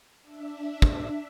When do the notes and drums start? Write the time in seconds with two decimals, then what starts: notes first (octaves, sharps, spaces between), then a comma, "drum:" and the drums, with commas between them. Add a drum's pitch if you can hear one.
0.21 D4 E5
0.82 drum: kick